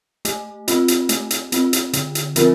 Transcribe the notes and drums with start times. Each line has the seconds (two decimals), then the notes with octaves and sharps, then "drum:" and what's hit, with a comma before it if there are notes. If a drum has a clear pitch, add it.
0.25 A3, drum: hi-hat
0.68 C4 F4, drum: hi-hat
0.88 drum: hi-hat
1.09 A3, drum: hi-hat
1.31 drum: hi-hat
1.52 C4 F4, drum: hi-hat
1.73 drum: hi-hat
1.93 D3, drum: hi-hat
2.15 drum: hi-hat
2.36 F3 C4 F4 A#4, drum: hi-hat